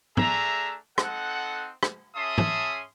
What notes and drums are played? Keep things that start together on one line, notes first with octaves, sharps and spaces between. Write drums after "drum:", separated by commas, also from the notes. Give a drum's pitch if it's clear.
A3 D4 G#4 E5 A#5, drum: tom
C4 D#4 A4 F#5, drum: rim click
drum: rim click
C#4 G#4 E5 A5 C6 D#6
drum: tom